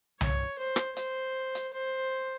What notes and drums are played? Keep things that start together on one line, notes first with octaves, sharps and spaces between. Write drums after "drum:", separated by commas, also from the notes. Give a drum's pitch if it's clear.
C#5, drum: tom C2
C5
drum: rim click
C5, drum: hi-hat
drum: hi-hat
C5